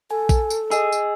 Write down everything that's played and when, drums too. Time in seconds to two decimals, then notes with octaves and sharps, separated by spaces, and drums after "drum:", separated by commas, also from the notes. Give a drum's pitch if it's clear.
0.11 A4 G#5
0.29 drum: kick A#1, tambourine
0.50 drum: tambourine
0.71 G#4 D#5 E6, drum: tambourine
0.92 drum: tambourine